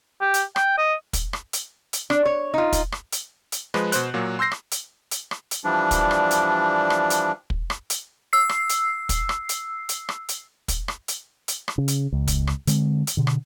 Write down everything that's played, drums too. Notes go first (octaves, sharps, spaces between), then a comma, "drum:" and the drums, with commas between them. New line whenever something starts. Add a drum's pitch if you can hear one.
G4
drum: hi-hat
G5, drum: rim click
D#5
drum: kick, hi-hat
drum: rim click
drum: hi-hat
drum: hi-hat
D4, drum: rim click
C#5
D#4 F4
drum: kick, hi-hat
drum: rim click
drum: hi-hat
drum: hi-hat
F3 G#3 B4, drum: rim click
B2 C5 F#6, drum: hi-hat
A#2 F#3 A#3
C6 E6 G6 A#6 C7
drum: rim click
drum: hi-hat
drum: hi-hat
drum: rim click
drum: hi-hat
E3 F3 G3 D4
drum: kick, hi-hat
drum: rim click
drum: hi-hat
drum: rim click
drum: hi-hat
drum: kick
drum: rim click
drum: hi-hat
E6 C7
drum: rim click
drum: hi-hat
drum: kick, hi-hat
drum: rim click
drum: hi-hat
drum: hi-hat
drum: rim click
drum: hi-hat
drum: kick, hi-hat
drum: rim click
drum: hi-hat
drum: hi-hat
drum: rim click
C#3
drum: hi-hat
C#2
drum: kick, hi-hat
drum: rim click
D3 G#3 C4, drum: hi-hat
drum: hi-hat
B2 D3
drum: rim click